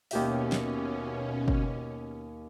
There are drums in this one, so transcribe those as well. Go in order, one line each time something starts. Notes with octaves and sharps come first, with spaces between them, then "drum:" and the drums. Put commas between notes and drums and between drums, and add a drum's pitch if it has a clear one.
D#2 B2 C#4 G4 E5, drum: open hi-hat
drum: snare
drum: kick